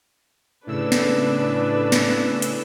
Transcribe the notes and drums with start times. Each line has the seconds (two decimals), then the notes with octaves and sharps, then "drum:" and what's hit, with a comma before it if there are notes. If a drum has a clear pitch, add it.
0.67 A2 C#3 D4 B4 E6
0.92 drum: snare
1.92 drum: snare
2.42 drum: hi-hat